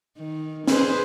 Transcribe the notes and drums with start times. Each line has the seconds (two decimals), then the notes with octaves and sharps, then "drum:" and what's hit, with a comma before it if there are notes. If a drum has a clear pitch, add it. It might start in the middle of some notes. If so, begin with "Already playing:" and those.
0.18 D#3
0.67 G#4 B4 C5, drum: snare